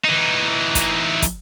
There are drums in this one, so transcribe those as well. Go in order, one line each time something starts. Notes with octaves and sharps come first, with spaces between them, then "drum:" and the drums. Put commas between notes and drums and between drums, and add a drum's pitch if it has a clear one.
E3 D#4
drum: kick, hi-hat
drum: kick, hi-hat